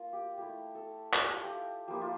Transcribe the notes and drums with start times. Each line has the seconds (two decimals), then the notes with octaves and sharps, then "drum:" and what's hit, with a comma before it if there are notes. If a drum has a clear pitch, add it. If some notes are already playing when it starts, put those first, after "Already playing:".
Already playing: A#3 F4 A#4
0.13 G4
0.38 A3 E4 G4
0.75 A4
1.13 A4, drum: clap
1.24 G4
1.34 F4
1.44 G4
1.88 F3 A#3 E4 G4
2.02 F4